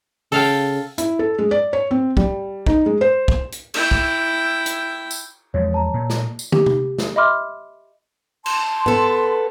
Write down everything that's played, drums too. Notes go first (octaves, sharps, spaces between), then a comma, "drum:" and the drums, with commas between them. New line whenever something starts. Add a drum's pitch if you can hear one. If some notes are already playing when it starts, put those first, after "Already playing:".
C#3 A4 F5 G5, drum: open hi-hat
E4, drum: hi-hat
A4
G#3
D5
C#5
C4
G3, drum: kick
D#4, drum: kick
G#3
C5
drum: kick
drum: hi-hat
E4 G5, drum: cymbal
drum: kick
drum: hi-hat
drum: tambourine
E2 F3 G#3 C#5
C#5 A5 A#5
A#2
drum: snare
drum: tambourine
G4, drum: tom
drum: tom
drum: snare
D#5 E5 B5 C6 D6 F6
A5 C6, drum: cymbal
B3 A4, drum: tom G#2